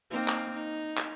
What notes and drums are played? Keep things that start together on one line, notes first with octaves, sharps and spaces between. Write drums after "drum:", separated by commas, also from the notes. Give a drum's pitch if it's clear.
A#3 C4 D#4
drum: clap
D#4
drum: clap